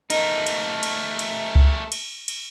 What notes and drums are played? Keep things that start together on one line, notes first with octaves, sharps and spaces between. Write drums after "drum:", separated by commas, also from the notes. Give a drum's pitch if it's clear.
A3 D#4 A#4, drum: cymbal
drum: cymbal
drum: cymbal
drum: cymbal
drum: kick C#2
drum: cymbal
drum: cymbal